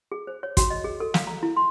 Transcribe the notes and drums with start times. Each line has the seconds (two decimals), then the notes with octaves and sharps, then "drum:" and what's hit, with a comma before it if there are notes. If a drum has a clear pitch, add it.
0.12 G#4
0.27 C5
0.43 C#5
0.57 F#4, drum: kick, hi-hat
0.70 D#5
0.84 G#4
1.00 A4
1.14 F5, drum: snare
1.27 A#5
1.43 E4
1.56 C6